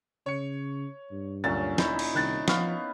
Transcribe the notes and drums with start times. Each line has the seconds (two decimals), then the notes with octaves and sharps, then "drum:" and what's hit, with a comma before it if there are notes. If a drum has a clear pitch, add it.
0.26 C#3 C#5 C#7
1.12 G2
1.44 D2 A#2 F#3 C#4 A6
1.78 D#4 E4, drum: snare
1.99 drum: cymbal
2.15 C2 D#3 F#6 A6
2.48 F3 B3 F5 C#6 F6, drum: snare